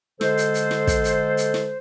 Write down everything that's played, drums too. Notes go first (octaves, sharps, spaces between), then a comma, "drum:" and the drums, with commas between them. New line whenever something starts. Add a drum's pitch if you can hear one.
D3 G#3 A4 C5, drum: snare
drum: hi-hat
drum: hi-hat
drum: snare
drum: kick, hi-hat
drum: hi-hat
drum: hi-hat
drum: snare